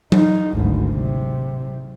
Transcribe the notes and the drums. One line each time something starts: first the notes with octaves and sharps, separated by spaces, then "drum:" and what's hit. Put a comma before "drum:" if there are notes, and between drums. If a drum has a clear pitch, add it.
D#4, drum: tom F#3
G#1 D2
C3